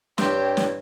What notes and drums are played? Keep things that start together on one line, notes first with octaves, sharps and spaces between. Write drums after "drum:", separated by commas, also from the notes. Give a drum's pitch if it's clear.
G2 C4 G4 C#5, drum: snare
drum: snare